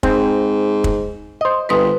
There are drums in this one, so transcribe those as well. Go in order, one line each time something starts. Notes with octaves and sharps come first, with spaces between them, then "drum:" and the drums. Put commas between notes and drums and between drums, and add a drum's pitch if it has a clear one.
G#2 C4, drum: kick
drum: kick
C5 D#5
G1 B4 C6 D#6